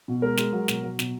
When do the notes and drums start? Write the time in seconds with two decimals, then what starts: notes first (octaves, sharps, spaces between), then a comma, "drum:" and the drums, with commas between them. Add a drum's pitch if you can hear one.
0.08 B2
0.22 G#3 A#4
0.37 G#3, drum: snare
0.52 F#3
0.68 B2, drum: snare
0.83 F#3
0.99 B2, drum: snare